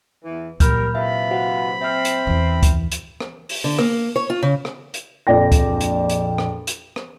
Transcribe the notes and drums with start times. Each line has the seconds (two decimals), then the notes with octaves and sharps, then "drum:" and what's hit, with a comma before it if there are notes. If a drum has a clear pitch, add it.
0.25 E2 E3
0.60 A#2 F#3 G3 A#4 B5 F6 G6, drum: kick C#2, hi-hat
0.95 C3 E3 F4 E5 B5
1.31 F#4 C5 F#5
1.81 C4 E5 F6
2.05 drum: hi-hat
2.27 E2 E3
2.63 drum: kick C#2, hi-hat
2.92 drum: hi-hat
3.20 drum: rim click
3.49 drum: open hi-hat
3.64 D3
3.79 A#3, drum: rim click
4.16 C#5
4.30 F4
4.43 C#3
4.65 drum: rim click
4.94 drum: hi-hat
5.27 A#1 F2 D5 G5 A#6
5.52 drum: kick C#2, hi-hat
5.81 drum: hi-hat
6.09 drum: hi-hat
6.38 drum: rim click
6.67 drum: hi-hat
6.96 drum: rim click